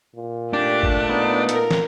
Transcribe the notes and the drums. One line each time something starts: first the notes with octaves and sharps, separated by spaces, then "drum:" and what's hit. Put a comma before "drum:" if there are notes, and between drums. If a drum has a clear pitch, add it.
A#2
A3 D4 G4
drum: kick
B3 D#4
A#4, drum: hi-hat
drum: snare